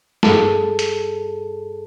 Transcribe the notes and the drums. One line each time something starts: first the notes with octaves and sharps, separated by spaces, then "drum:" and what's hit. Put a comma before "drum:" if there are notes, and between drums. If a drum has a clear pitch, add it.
G2 G#4 A4 A5, drum: snare
drum: hi-hat